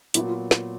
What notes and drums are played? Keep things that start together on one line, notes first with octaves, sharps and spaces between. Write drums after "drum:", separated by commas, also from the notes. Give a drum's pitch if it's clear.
A#2 F#3 B3 E4, drum: hi-hat
F4
drum: snare